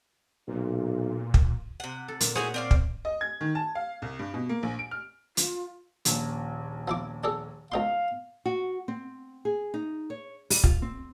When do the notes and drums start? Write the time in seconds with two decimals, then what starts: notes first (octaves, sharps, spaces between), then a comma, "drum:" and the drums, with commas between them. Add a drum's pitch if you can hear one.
0.48 B1 A#2
1.34 drum: kick
1.80 C3 F#5
2.08 A4
2.21 A#2, drum: hi-hat
2.35 E4 F#4 G#4 C5 C#5 F#5
2.54 C4 D5 F5
2.71 drum: kick
3.05 D#5
3.21 G#6
3.41 D#3
3.55 A5
3.75 F5
4.02 C2
4.19 G2
4.34 B2
4.49 A#3
4.63 A#1
4.79 D7
4.91 F6
5.37 F4, drum: hi-hat
6.05 D#1 A#1, drum: hi-hat
6.88 F3 E4 D6
7.24 D4 G#4 A4
7.72 C#2 D#4 F5 C6
8.45 F#4
8.88 C4
9.45 G#4
9.74 D#4
10.10 C#5
10.50 G3, drum: open hi-hat
10.64 F4, drum: kick
10.82 C4